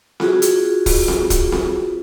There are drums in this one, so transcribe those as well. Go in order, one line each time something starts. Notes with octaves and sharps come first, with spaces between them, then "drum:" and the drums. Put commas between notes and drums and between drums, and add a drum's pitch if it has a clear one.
F4 F#4 G#4, drum: snare C4
drum: hi-hat
drum: kick, open hi-hat
drum: snare C4
drum: kick, hi-hat
drum: snare C4